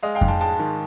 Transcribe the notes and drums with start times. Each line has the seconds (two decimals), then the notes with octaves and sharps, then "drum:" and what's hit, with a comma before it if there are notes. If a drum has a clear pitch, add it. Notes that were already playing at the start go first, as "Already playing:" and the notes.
0.03 G#3 D#5 F5
0.15 F5 G5
0.21 G#2, drum: kick F2
0.28 G5 A5
0.41 G#3 G5 A5
0.59 D#3